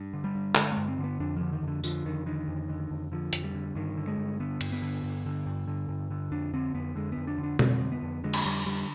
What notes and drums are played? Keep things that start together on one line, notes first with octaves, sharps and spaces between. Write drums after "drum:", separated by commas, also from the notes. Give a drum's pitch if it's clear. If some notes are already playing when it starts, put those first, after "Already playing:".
Already playing: G2
D3
G3
G2
D3 G#3, drum: clap
G#3
G2
C4
D3
B3
F2 D4
D3 F3
D#3
F2 D3
D3 F3, drum: tambourine
F2 D#3
D3 D#3
F2
D3
F2
D3 F3
F2, drum: hi-hat
G3
D3
G2 D#3
D3
G#3
G2
D3 B3
G2, drum: cymbal
B3
D3
G2
D3
G2
D3
G2
D3
F2 D4
D3 C4
F2 B3
D3 G#3
B3
F2
D4
D3
D4
F2 C4, drum: tom B2
D3
B3
F2
D3 G#3
drum: cymbal
F2 G3
D3 G3